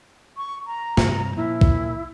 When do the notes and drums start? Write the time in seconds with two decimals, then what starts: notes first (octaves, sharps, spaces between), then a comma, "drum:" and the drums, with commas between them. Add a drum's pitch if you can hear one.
0.37 C#6
0.67 A#5
0.97 D2 G2 C3, drum: snare
1.36 A#2 F3 A#3 E4
1.61 drum: kick B1